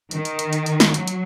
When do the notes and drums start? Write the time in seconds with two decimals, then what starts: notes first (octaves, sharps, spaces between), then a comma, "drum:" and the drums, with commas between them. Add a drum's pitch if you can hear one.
0.11 D#3, drum: hi-hat
0.25 drum: hi-hat
0.39 drum: hi-hat
0.53 drum: hi-hat
0.66 drum: hi-hat
0.80 drum: snare
0.94 F#3, drum: hi-hat
1.08 drum: hi-hat